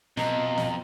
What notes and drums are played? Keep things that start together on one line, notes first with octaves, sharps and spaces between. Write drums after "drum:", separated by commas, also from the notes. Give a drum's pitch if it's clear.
F2 B2 D#5 A#5, drum: snare
drum: snare